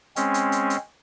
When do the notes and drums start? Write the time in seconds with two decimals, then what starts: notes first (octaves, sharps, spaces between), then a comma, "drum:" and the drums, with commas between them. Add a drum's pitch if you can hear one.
0.16 G#3 C4 C#4, drum: hi-hat
0.34 drum: hi-hat
0.52 drum: hi-hat
0.70 drum: hi-hat